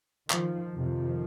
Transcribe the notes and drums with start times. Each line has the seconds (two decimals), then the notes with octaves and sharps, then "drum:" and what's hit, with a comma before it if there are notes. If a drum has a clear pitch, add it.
0.30 D#3 F3, drum: clap
0.74 F2 C3 D#3 F3